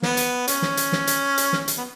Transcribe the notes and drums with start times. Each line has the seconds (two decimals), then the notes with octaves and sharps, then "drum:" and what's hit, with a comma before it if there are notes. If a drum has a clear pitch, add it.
0.02 B3, drum: snare
0.17 drum: hi-hat
0.48 C#4, drum: hi-hat
0.62 drum: snare
0.77 drum: hi-hat
0.92 drum: snare
1.07 drum: hi-hat
1.38 drum: hi-hat
1.53 drum: snare
1.68 drum: hi-hat
1.78 B3